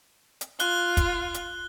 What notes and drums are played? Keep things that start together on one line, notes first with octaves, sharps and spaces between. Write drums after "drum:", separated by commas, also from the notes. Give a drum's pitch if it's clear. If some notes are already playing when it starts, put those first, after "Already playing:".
drum: hi-hat
F4 F#6 G7, drum: hi-hat
drum: kick, hi-hat
drum: hi-hat